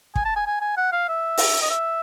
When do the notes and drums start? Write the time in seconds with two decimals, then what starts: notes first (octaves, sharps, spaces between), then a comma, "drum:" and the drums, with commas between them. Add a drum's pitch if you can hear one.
0.16 G#5, drum: kick
0.25 A5
0.36 G#5
0.47 G#5
0.61 G#5
0.77 F#5
0.93 F5
1.09 E5
1.37 drum: open hi-hat
1.62 D#5
1.70 E5